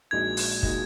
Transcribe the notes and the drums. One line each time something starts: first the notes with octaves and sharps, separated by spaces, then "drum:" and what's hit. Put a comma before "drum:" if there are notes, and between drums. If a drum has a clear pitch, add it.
A#1 A#2 G#3 D#4 F#4 G#6
drum: open hi-hat
A#2 G#3 D#4 F#4, drum: kick